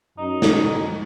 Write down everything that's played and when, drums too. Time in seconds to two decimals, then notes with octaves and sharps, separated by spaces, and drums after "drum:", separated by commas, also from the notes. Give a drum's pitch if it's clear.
0.18 F#2 D#4
0.42 drum: snare